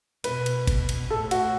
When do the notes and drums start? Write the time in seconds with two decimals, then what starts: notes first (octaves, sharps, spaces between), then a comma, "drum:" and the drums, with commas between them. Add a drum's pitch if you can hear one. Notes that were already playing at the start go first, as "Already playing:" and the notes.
0.24 B2 B4, drum: cymbal
0.46 drum: cymbal
0.67 drum: kick G1, cymbal
0.89 drum: cymbal
1.10 A2 A4
1.31 F#4, drum: cymbal